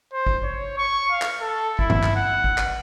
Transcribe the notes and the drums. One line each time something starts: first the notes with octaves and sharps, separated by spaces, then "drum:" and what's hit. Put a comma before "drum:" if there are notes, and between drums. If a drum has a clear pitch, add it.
C5
drum: kick G#1
C#5
C#6
F5
drum: clap
A4
E4, drum: kick G#1
drum: tom G2
drum: clap
F#5
drum: kick G#1
drum: clap